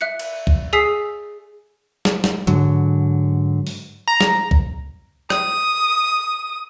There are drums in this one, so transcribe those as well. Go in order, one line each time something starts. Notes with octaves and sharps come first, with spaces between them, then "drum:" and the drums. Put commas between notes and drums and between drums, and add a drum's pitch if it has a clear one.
E5 F#6 C#7
drum: cymbal
drum: kick
G#4 G#5 D#6 E6 B6 C7
drum: snare
drum: snare
G#2 D3 F#3, drum: hi-hat
drum: open hi-hat
A#5
drum: snare
drum: kick
D#6, drum: rim click